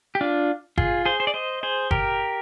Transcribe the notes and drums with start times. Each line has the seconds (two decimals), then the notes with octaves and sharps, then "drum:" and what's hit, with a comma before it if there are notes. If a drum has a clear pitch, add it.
0.15 G4
0.21 D4 F4
0.78 F4 G#4, drum: kick G1
1.05 G#4 C5
1.20 C5
1.27 D5
1.34 C5 D#5
1.63 G#4 C5
1.91 G4 A#4, drum: kick G1